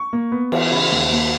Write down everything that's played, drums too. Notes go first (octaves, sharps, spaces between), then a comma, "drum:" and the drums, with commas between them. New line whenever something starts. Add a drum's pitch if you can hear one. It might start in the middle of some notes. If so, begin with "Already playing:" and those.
Already playing: C#6
A#3
B3
E3, drum: cymbal
C#3 B5
D#2
A#3